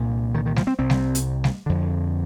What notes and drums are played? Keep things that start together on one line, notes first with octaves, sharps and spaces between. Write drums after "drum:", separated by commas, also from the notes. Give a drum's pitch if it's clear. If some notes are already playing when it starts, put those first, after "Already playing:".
Already playing: C2 A#2
D#3
D#3
F3, drum: snare
C4
C2 C3 C4
drum: snare
drum: hi-hat
drum: snare
F2 D3